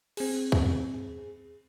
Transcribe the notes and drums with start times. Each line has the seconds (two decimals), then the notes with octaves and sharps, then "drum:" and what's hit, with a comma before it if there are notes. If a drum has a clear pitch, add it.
0.17 C4 G#4, drum: cymbal
0.52 drum: kick